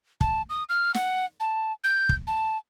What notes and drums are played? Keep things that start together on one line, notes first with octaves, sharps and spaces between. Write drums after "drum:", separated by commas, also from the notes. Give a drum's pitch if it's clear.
A5, drum: kick
D#6
F6
F#5, drum: snare
A5
G6
drum: kick
A5